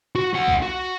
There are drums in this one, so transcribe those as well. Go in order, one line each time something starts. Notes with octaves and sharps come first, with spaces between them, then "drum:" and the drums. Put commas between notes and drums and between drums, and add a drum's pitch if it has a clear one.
F#4
D2 F#5
drum: kick C2
F#4